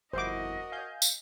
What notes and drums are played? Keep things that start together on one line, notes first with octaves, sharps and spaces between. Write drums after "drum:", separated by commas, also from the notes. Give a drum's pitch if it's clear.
G1 F2 E4 F#4 A#4 C5 D#5 D6
F5 G#5 G6
drum: tambourine